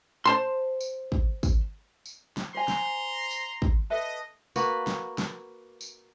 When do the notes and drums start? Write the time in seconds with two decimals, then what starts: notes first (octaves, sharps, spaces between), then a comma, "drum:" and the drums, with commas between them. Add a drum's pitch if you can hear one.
0.26 C5 A5 C6
0.81 drum: tambourine
1.12 drum: kick
1.43 drum: kick, tambourine
2.06 drum: tambourine
2.37 drum: snare
2.54 C5 G#5 A#5 C6
2.68 drum: snare
3.31 drum: tambourine
3.62 drum: kick
3.90 A4 B4 D#5 E5
4.56 A#3 F#4 B4, drum: tambourine
4.87 drum: snare
5.18 drum: snare
5.81 drum: tambourine